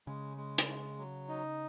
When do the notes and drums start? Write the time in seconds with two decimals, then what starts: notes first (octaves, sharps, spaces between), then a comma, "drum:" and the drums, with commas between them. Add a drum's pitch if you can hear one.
0.07 C#3 G#3
0.37 G#3
0.58 drum: hi-hat
0.68 G#3
0.98 F#3
1.28 D#4